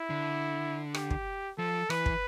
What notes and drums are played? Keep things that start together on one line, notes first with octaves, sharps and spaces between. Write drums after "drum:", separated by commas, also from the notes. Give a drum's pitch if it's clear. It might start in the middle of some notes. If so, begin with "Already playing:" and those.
Already playing: E4
D3
G4, drum: rim click
drum: kick
F3 A4
E3 B4, drum: rim click
drum: kick